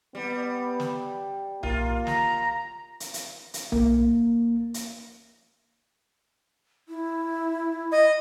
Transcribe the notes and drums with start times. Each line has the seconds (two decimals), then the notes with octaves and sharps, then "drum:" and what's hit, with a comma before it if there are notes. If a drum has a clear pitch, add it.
0.15 G3 B3
0.80 drum: snare
1.63 A#3 F4, drum: tom B1
2.07 A#5, drum: snare
3.00 drum: hi-hat
3.14 drum: hi-hat
3.54 drum: hi-hat
3.72 A#3, drum: tom B1
4.74 drum: hi-hat
6.89 E4
7.92 D#5